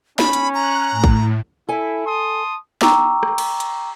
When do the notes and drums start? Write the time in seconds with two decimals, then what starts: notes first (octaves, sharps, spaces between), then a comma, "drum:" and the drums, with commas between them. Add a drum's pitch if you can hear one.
0.19 C#4 B5, drum: snare
0.33 drum: hi-hat
0.54 A#5 F#6
0.92 A2
1.04 drum: kick
1.69 E4 A4 G#5
2.06 A5 C6 D#6
2.81 G5 A#5 C#6 D6 E6, drum: snare
3.23 drum: rim click
3.38 drum: cymbal
3.60 drum: hi-hat